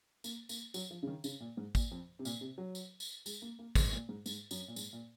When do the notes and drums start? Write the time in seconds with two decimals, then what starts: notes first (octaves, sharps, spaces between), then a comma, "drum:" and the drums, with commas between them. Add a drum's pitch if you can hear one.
0.24 A#3, drum: tambourine
0.49 A#3, drum: tambourine
0.74 F#3, drum: tambourine
0.91 F3
1.03 C#3
1.07 D#3
1.24 C#3, drum: tambourine
1.40 A#2
1.57 G#2
1.75 A#2, drum: kick, tambourine
1.91 F2
2.19 C3
2.25 A#2, drum: tambourine
2.41 C3
2.58 F#3
2.75 drum: tambourine
3.00 drum: tambourine
3.26 G#3, drum: tambourine
3.42 A#3
3.59 A#3
3.75 G#3, drum: kick, tambourine
3.93 A#2
4.09 G#2
4.26 G#2, drum: tambourine
4.51 F#2, drum: tambourine
4.68 A#2
4.76 G#2, drum: tambourine
4.93 A#2